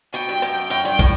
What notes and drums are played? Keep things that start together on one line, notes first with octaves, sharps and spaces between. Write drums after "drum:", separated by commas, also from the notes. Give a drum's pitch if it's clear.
B2 G5
G2
F#2, drum: rim click
F#2 G5
G2
A2, drum: kick